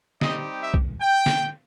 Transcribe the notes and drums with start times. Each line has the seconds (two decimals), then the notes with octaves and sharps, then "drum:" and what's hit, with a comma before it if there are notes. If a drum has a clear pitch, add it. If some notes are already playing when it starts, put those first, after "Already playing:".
0.21 G3 C4 D#4 G4 D#5, drum: snare
0.61 E5
0.74 drum: kick
1.01 G5
1.26 drum: snare